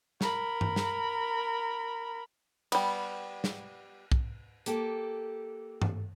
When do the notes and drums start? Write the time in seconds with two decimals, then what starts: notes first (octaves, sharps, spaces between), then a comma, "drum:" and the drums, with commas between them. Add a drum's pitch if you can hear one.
0.21 A#4 B5, drum: snare
0.61 drum: tom G2
0.76 drum: snare
2.72 G3 B3, drum: cymbal
3.44 drum: snare
4.12 drum: kick B1
4.66 A#3 G4 A4, drum: hi-hat
5.82 drum: tom G2